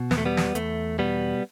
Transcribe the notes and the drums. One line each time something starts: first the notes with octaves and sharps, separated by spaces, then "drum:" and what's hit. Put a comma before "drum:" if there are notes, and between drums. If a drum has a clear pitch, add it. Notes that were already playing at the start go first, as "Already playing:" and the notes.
Already playing: B2
E2 B3, drum: snare
A3
G3 B3
drum: snare
E2 A3, drum: hi-hat
B2 G3 B3